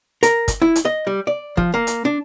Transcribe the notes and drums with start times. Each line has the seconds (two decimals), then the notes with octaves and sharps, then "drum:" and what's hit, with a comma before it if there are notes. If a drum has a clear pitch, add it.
0.23 A#4, drum: hi-hat
0.48 drum: kick, hi-hat
0.62 E4
0.76 drum: hi-hat
0.85 D#5
1.07 G3
1.27 D5
1.57 F3, drum: kick
1.74 A#3
1.87 drum: hi-hat
2.05 D4